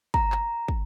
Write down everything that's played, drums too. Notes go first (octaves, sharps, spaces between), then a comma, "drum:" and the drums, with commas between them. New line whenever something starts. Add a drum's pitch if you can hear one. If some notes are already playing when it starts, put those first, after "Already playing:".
A#5, drum: kick
drum: clap
drum: kick